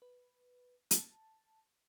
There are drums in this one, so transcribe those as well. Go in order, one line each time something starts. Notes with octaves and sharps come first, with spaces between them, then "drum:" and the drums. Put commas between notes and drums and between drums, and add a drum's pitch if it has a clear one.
B4
A5, drum: hi-hat